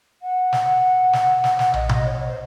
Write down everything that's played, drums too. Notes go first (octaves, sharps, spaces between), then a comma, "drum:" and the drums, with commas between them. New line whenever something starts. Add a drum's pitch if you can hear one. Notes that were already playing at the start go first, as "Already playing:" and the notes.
F#5
drum: snare
drum: snare
drum: snare
drum: snare
D#5, drum: tom
drum: tom B2
C#5
C#5
C5